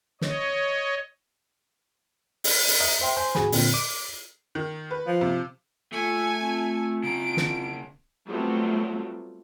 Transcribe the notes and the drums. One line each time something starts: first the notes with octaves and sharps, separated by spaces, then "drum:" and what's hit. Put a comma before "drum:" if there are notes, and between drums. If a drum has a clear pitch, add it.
C#5 D#5, drum: snare
drum: open hi-hat
drum: open hi-hat
D#5 E5 A#5
C5 E5 G5 C6
C5 G#5 C6
G#2 F#4 G#4 G#5 B5, drum: snare
A#2 D3 C4, drum: open hi-hat
D6
D#3
B4
F3
C3
A3 F4 G#5
C4 F4
C#3 A#4 D7
drum: snare
F#3 G3 A3 B3 C4 F4